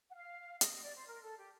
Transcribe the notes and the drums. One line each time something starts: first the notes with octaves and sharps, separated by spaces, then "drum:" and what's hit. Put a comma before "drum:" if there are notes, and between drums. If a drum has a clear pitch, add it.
F#5
F5
D#5, drum: hi-hat
D#5
D5
C5
A#4
A4
G4